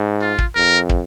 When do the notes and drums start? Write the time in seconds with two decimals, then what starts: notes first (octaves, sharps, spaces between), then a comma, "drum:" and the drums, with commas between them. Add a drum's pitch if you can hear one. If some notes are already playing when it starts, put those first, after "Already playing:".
Already playing: G#2
0.21 F4
0.38 drum: kick
0.55 F2 A#4
0.89 drum: kick